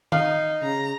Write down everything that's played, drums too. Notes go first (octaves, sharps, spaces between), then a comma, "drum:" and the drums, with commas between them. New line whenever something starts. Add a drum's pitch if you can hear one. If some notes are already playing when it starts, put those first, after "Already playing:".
D#4 F5, drum: tom D#3
C#3 A#5